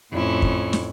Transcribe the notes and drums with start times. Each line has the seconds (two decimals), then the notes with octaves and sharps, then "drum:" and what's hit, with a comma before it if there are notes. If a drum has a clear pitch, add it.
0.11 F2 A2 C#4 E4
0.42 drum: kick
0.73 drum: snare